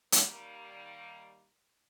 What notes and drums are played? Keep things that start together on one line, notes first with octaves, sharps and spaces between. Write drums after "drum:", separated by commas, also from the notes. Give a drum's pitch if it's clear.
D#3 G3 A#3, drum: hi-hat